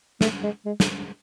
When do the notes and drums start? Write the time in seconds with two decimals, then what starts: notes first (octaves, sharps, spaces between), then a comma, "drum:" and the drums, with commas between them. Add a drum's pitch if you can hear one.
0.21 A3, drum: snare
0.43 G#3
0.66 G#3
0.80 drum: snare